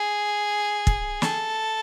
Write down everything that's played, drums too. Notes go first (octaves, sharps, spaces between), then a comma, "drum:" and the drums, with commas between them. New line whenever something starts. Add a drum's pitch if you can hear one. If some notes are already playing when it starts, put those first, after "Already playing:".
Already playing: G#4
drum: kick
A4, drum: snare